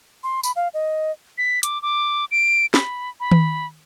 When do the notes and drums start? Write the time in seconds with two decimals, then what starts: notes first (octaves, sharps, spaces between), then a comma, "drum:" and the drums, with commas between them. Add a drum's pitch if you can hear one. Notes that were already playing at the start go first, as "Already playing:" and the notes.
0.23 C6
0.43 B5, drum: tambourine
0.56 F5
0.74 D#5
1.38 B6
1.63 D6, drum: hi-hat
1.82 D6
2.31 D7
2.74 B5, drum: snare
3.20 B5
3.31 drum: tom D#3